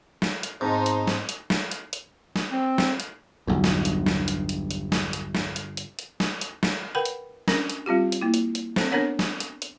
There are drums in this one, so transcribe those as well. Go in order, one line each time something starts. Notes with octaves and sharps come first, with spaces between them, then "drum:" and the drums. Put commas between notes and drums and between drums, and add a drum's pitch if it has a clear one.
drum: snare
drum: hi-hat
G#2 B3 C4 D#4 C5 A5 A#5
drum: hi-hat
drum: snare
drum: hi-hat
drum: snare
drum: hi-hat
drum: hi-hat
drum: snare
C4
drum: snare
drum: hi-hat
B1 E2 G2 D3
drum: snare
drum: hi-hat
drum: snare
drum: hi-hat
drum: hi-hat
drum: hi-hat
drum: snare
drum: hi-hat
drum: snare
drum: hi-hat
drum: hi-hat
drum: hi-hat
drum: snare
drum: hi-hat
drum: snare
A#4 B4 F#5 G5 B5
drum: hi-hat
C#4 D4 A#4, drum: snare
drum: hi-hat
G3 C4 F4 G4
drum: hi-hat
A#3 E4
drum: hi-hat
drum: hi-hat
C4 A4 C5, drum: snare
B3 D4 A#4 C#5 F#5
drum: snare
drum: hi-hat
drum: hi-hat